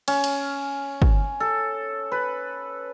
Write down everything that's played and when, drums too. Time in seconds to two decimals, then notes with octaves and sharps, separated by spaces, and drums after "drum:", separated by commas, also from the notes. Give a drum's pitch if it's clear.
0.08 C#4, drum: cymbal
0.24 drum: cymbal
1.02 drum: kick
1.40 A4
2.12 B4